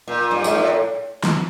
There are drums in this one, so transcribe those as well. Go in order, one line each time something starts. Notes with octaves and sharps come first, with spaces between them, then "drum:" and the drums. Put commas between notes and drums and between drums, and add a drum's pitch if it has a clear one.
A#2
G2
G#2, drum: tambourine
A2
drum: snare